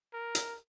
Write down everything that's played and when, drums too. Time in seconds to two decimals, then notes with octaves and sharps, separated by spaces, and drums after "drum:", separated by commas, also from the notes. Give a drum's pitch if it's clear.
0.13 A#4
0.35 drum: hi-hat